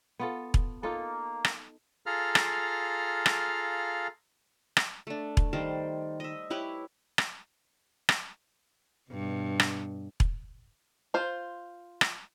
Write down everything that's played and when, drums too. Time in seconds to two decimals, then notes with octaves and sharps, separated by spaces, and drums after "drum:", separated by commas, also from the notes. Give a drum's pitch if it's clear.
0.20 B3 F4 A4
0.54 drum: kick E1
0.83 A#3 D#4 F4 A4
1.45 drum: rim click
2.06 F4 G#4 A4 F5 A#5 F6
2.35 drum: rim click
3.26 drum: rim click
4.77 drum: rim click
5.07 A3 D4
5.37 drum: kick E1
5.53 D#3 G3 C5
6.20 D#5 E5
6.50 E4 G4 B4 C#5
7.18 drum: rim click
8.09 drum: rim click
9.11 G2 B2
9.60 drum: rim click
10.20 drum: kick E1
11.14 F4 C5
12.01 drum: rim click